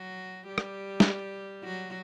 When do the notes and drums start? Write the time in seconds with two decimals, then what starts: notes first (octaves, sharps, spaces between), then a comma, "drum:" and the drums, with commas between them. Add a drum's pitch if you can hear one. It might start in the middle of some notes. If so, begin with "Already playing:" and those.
Already playing: F#3 F#4
0.48 G3 G4
0.58 drum: rim click
1.00 drum: snare
1.64 F#3 F#4